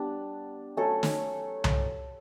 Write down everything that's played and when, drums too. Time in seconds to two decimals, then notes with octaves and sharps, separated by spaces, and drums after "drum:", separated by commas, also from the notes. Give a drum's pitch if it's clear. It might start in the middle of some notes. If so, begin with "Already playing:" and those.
Already playing: G3 B3 D4
0.77 F#3 A3 C#4 A4
1.03 drum: snare
1.64 drum: tom C2